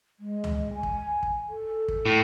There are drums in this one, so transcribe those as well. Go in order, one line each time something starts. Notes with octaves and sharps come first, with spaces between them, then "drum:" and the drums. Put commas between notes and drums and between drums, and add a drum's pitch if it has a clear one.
G#3
drum: tom C#2
G#5
drum: kick
drum: kick
A4
drum: kick
A2